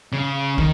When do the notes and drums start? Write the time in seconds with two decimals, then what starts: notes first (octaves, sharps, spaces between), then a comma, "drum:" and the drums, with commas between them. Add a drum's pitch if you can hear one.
0.12 C#3
0.58 D#3, drum: kick